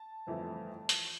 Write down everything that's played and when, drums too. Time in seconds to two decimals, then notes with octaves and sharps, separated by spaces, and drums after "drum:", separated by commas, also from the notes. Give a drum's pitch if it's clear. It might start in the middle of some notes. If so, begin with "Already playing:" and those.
Already playing: A5
0.27 G1 F2 E3 A3
0.89 drum: hi-hat